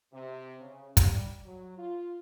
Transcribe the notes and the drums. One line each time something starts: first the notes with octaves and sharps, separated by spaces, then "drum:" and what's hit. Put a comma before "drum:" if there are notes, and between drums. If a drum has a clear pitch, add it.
C3
C#3
G3, drum: kick, hi-hat
F#3
F4